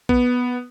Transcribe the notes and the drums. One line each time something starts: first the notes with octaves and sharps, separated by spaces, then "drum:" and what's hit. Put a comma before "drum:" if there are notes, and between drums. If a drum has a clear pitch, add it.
B3, drum: kick